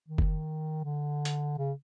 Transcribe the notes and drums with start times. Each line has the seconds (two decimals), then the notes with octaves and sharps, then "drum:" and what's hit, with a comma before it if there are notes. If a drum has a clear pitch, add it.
0.09 D#3
0.18 drum: kick F#1
0.84 D3
1.25 drum: hi-hat
1.58 C#3